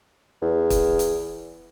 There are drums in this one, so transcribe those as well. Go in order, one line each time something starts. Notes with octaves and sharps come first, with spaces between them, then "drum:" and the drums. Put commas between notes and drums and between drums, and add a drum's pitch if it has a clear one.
E2
drum: kick, hi-hat
drum: hi-hat